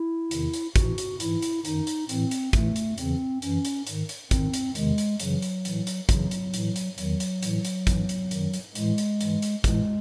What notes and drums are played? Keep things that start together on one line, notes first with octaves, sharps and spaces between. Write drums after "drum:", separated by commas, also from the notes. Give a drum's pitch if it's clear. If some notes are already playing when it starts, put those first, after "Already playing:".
Already playing: E4
E2 C3 D#3, drum: hi-hat
drum: hi-hat
A2 E3 F#4, drum: kick, hi-hat
drum: hi-hat
G#2 E3 E4, drum: hi-hat
drum: hi-hat
F#2 D#3 D#4, drum: hi-hat
drum: hi-hat
A2 E3 C4, drum: hi-hat
drum: hi-hat
A2 E3 A3, drum: kick, hi-hat
drum: hi-hat
E2 C#3 E3 C4, drum: hi-hat
F#2 E3 C#4, drum: hi-hat
drum: hi-hat
G#2 D#3, drum: hi-hat
drum: hi-hat
G#2 D#3 C4, drum: kick, hi-hat
drum: hi-hat
E2 C3 D#3 G#3, drum: hi-hat
drum: hi-hat
F#2 C#3 E3 F#3, drum: hi-hat
drum: hi-hat
A2 E3, drum: hi-hat
drum: hi-hat
F#2 C#3 E3 F#3, drum: kick, hi-hat
drum: hi-hat
A2 E3, drum: hi-hat
drum: hi-hat
E2 D#3 F#3, drum: hi-hat
drum: hi-hat
A2 E3, drum: hi-hat
drum: hi-hat
G#2 E3, drum: kick, hi-hat
drum: hi-hat
F#2 D#3, drum: hi-hat
drum: hi-hat
A2 E3 G#3, drum: hi-hat
drum: hi-hat
G#2 E3, drum: hi-hat
drum: hi-hat
A2 E3 G#3, drum: kick, hi-hat